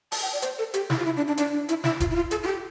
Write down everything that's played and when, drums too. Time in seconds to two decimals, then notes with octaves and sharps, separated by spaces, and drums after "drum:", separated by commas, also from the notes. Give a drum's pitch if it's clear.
0.12 A5, drum: open hi-hat
0.22 G5
0.33 D5
0.42 C5, drum: hi-hat
0.59 A4
0.74 G4, drum: hi-hat
0.90 E4, drum: snare
0.99 F4
1.05 E4
1.17 D4
1.27 D4
1.37 D4, drum: hi-hat
1.53 D4
1.69 E4, drum: hi-hat
1.84 E4, drum: snare
2.00 F4, drum: kick E1, hi-hat
2.11 E4
2.16 F4
2.31 A4, drum: hi-hat
2.43 F4
2.47 G4